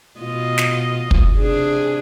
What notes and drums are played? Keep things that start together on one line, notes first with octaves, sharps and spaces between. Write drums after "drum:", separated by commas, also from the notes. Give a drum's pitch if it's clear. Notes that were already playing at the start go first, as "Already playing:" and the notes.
B2 F4 D#5
drum: snare
drum: kick
C3 D4 G#4